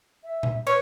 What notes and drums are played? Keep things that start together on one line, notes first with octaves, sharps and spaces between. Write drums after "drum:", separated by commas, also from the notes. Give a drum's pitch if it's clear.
E5
drum: tom A#2
B4 C#5, drum: cymbal